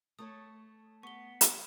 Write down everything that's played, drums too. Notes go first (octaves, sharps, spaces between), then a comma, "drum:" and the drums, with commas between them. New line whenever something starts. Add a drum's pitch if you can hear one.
A3 A4 C#5 D#6
B3 C#6 G7
drum: hi-hat